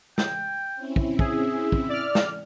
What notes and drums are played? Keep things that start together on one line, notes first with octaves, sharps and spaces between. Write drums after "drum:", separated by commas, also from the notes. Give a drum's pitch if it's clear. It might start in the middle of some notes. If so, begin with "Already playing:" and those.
G5, drum: snare
C4 C#4 E4
drum: kick
G#4 E5, drum: kick
drum: kick
D5 F6
drum: snare